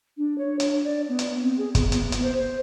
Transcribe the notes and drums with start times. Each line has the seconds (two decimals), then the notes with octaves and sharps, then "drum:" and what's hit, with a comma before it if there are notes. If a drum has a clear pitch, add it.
0.18 D4
0.38 C#5
0.60 D4, drum: hi-hat
0.84 D5
1.09 B3
1.19 drum: hi-hat
1.42 C4
1.58 G#4
1.75 B3, drum: kick, hi-hat
1.92 B3, drum: hi-hat
2.12 drum: hi-hat
2.22 C5
2.38 C5